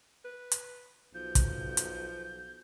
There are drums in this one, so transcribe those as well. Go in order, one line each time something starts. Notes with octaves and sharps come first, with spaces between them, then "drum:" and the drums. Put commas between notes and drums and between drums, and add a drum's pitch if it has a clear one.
B4
drum: hi-hat
B1 F3 G6
drum: kick, hi-hat
drum: hi-hat